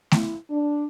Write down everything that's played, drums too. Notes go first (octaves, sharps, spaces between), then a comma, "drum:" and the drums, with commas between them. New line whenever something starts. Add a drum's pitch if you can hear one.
E4, drum: snare A3
D4